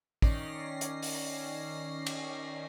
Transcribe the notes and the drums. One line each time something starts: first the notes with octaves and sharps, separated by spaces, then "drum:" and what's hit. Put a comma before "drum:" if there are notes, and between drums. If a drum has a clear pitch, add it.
D#3 C#4 D5 A#6 C7, drum: kick
drum: hi-hat
drum: open hi-hat
drum: cymbal